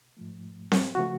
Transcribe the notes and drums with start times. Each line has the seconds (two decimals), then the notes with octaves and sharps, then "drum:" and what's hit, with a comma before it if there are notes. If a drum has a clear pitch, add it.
0.17 G#2 F3 A3
0.72 drum: snare C4
0.95 C#3 F3 A3 F#4